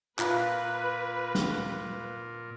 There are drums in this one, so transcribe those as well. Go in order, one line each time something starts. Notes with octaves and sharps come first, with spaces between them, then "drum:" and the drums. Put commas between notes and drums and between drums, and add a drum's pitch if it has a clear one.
A#2 F4 B4 F5 A#5 B5 F#6, drum: clap
drum: snare